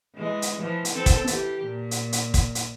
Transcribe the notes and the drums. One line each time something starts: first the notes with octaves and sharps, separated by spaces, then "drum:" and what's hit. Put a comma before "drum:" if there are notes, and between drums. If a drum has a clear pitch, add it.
E3 G#3
drum: hi-hat
E3 F3
drum: hi-hat
C4 A4
drum: kick, hi-hat
E3 G4, drum: hi-hat
A#2
drum: hi-hat
drum: hi-hat
drum: kick, hi-hat
drum: hi-hat